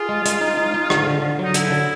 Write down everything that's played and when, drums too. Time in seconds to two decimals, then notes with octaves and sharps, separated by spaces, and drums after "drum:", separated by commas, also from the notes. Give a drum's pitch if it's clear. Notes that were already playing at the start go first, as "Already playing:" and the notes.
Already playing: F4 G#4
0.09 G#3
0.26 G#3, drum: hi-hat
0.41 D#4
0.57 D#4
0.74 D#4
0.90 D3, drum: rim click
1.07 D3
1.22 D3
1.39 F#3 D#4
1.54 D3 E4, drum: hi-hat
1.70 D3